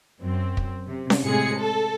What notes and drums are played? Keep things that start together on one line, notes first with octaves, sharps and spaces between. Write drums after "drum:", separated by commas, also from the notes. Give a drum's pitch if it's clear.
F#2 C4
drum: kick
C3
drum: snare C#4
A2 C3 G#3 G#4 C#7
A4